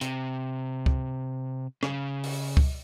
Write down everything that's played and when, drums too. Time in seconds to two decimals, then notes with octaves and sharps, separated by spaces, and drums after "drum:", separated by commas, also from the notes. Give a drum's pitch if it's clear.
0.01 C3, drum: hi-hat
0.86 drum: kick
1.83 C#3, drum: rim click
2.24 drum: open hi-hat
2.57 drum: kick